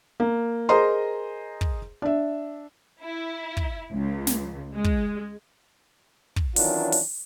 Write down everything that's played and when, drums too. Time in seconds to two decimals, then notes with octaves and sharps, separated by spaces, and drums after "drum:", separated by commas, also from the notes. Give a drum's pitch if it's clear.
0.20 A#3
0.69 G#4 A#4 C5 D#5 A#5 C6
1.61 drum: kick
2.02 D4 E5
3.01 E4
3.57 drum: kick
3.92 C#2
4.27 drum: snare
4.75 G#3
4.84 drum: kick
6.36 drum: kick
6.56 D#3 E3 F#3 C#4 D4 F4, drum: open hi-hat
6.92 drum: open hi-hat